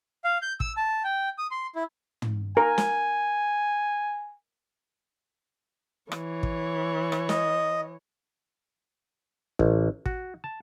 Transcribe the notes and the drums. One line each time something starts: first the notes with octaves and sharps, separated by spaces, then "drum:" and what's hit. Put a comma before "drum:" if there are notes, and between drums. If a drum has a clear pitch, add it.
F5
G6
E6, drum: kick
A5
G5
D#6
C6
E4
drum: tom
A#4 G#5
drum: snare
E3 C#5, drum: rim click
drum: kick
drum: rim click
D#5, drum: snare
A1, drum: kick
F#4, drum: kick
A5